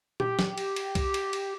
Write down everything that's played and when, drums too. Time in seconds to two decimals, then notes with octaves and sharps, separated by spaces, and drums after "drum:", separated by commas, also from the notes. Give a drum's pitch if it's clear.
0.20 G4, drum: tom A#2
0.39 drum: snare
0.58 drum: cymbal
0.76 drum: cymbal
0.95 drum: kick C2, cymbal
1.14 drum: cymbal
1.33 drum: cymbal